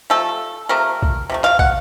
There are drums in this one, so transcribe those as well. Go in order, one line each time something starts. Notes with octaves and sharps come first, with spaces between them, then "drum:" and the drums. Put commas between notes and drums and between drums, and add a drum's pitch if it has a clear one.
C3 F3 A3 A4
C3 F3 A3 A#4
drum: kick
C3 F3 A3
F5, drum: clap
F#5, drum: kick